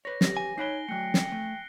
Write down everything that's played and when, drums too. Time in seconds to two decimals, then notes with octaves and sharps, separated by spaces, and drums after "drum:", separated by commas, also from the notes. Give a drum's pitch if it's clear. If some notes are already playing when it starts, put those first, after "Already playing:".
0.05 B4 C#5 A#6
0.21 G4 A#6, drum: snare
0.37 G#5
0.58 D#4 C#5 F#5 B5 C7 D7 G7
0.89 F#3 A3 G5 F#6 C#7
1.14 drum: snare
1.32 A3